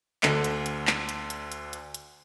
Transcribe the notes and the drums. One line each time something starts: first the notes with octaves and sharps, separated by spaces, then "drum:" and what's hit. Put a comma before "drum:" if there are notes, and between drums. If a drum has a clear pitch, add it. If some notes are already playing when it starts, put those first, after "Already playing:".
D2 D3, drum: clap
drum: hi-hat
drum: hi-hat
drum: clap
drum: hi-hat
drum: hi-hat
drum: hi-hat
drum: hi-hat
drum: hi-hat